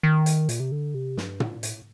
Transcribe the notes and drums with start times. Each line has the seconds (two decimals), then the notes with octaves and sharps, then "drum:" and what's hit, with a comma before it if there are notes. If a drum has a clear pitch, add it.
0.03 D#3
0.26 drum: hi-hat
0.49 A#2, drum: hi-hat
0.60 C3
0.72 D3
0.94 C3
1.17 G2, drum: snare
1.40 A#2, drum: tom
1.63 A2, drum: hi-hat